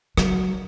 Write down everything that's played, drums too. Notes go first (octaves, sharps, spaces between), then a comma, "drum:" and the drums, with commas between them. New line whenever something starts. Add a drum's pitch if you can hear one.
F#3, drum: rim click